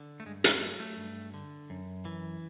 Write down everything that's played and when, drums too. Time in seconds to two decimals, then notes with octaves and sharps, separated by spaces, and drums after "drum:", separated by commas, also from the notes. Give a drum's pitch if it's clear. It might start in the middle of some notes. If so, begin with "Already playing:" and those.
Already playing: D3
0.20 A3
0.26 G2 G#3
0.44 G#3, drum: hi-hat
0.61 F#3 A3
0.80 A3
0.97 G2
1.34 D3
1.70 F#2
2.05 E3